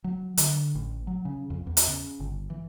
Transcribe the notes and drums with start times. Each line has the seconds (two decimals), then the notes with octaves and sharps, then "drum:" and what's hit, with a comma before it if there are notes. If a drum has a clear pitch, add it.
0.04 F#3
0.37 D3, drum: hi-hat
0.75 A1
1.07 F#3
1.25 C#3
1.50 F2
1.67 E2
1.77 drum: hi-hat
1.88 C#3
2.20 G1
2.50 E3